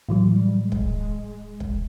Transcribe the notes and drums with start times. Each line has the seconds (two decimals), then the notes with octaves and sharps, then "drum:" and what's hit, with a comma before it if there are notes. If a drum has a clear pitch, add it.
0.09 A2 E3 F#3
0.28 G3
0.62 G#3
0.72 drum: kick
1.60 drum: kick